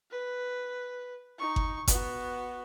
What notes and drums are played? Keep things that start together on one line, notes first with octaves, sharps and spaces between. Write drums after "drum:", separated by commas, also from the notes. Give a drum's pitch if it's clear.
B4
D#4 C#6
drum: kick G1
B3 F#4, drum: kick G1, hi-hat